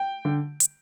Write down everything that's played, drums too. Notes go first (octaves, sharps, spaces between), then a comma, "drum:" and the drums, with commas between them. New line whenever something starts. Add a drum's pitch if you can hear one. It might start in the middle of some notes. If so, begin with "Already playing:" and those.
Already playing: G5
D3
drum: hi-hat